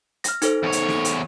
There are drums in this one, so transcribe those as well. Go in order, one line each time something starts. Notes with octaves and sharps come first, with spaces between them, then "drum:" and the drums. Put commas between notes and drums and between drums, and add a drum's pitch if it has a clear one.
F6 A#6, drum: hi-hat
D#4 A4 C5, drum: hi-hat
E2 C#5
drum: hi-hat
drum: snare
drum: hi-hat